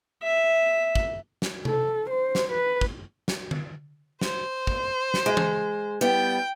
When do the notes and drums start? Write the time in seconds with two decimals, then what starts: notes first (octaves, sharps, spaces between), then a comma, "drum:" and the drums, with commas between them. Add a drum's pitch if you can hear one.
0.23 E5
0.95 drum: kick
1.42 drum: snare
1.65 A4, drum: tom C3
2.10 C5
2.35 drum: snare
2.52 B4
2.81 drum: kick
3.28 drum: snare
3.51 drum: tom D3
4.21 C5, drum: snare
4.67 drum: kick
5.14 drum: snare
5.26 G#3
5.37 drum: tom E3
6.01 G3 B3 G5